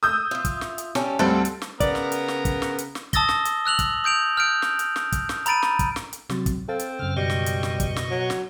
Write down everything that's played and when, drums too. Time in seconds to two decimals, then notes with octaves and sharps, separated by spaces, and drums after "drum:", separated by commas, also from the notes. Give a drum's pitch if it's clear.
0.03 D#6 E6 G6
0.31 F4 E5
0.45 drum: kick, hi-hat
0.61 drum: snare
0.78 drum: hi-hat
0.95 G3 C#4 A4, drum: snare
1.19 D2 G3 C4 A4 F5 F#5
1.45 drum: hi-hat
1.62 drum: snare
1.80 C#3 B3 A#4 D5, drum: kick, hi-hat
1.95 drum: snare
2.12 drum: hi-hat
2.28 drum: snare
2.45 drum: kick, hi-hat
2.62 drum: snare
2.78 drum: hi-hat
2.95 drum: snare
3.13 A5 D#6 E6 A6 A#6 G7, drum: kick, hi-hat
3.29 drum: snare
3.45 drum: hi-hat
3.66 E6 F#6 F7 F#7
3.79 drum: kick, hi-hat
4.04 D#6 G6 D7 F7
4.37 F6 G6 D7
4.62 drum: snare
4.79 drum: hi-hat
4.96 drum: snare
5.12 drum: kick, hi-hat
5.29 drum: snare
5.46 A#5 B5 A6 D7 D#7, drum: hi-hat
5.63 drum: snare
5.79 drum: kick, hi-hat
5.96 drum: snare
6.13 drum: hi-hat
6.30 C3 F#3 A6, drum: snare
6.46 drum: kick, hi-hat
6.68 C4 A4 F5 A6
6.79 drum: hi-hat
6.99 F#2 C#3 F6
7.17 B2 G3 D#5 C#6
7.30 drum: snare
7.46 drum: hi-hat
7.63 drum: snare
7.80 drum: kick, hi-hat
7.96 drum: snare
8.11 F#3
8.30 drum: snare